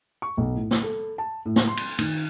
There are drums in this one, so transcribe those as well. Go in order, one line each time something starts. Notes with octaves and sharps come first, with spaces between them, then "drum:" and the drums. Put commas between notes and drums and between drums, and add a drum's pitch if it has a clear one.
C#6
B1
A2
drum: snare
A4
A5
A2
drum: snare
C6
drum: cymbal
D#3, drum: cymbal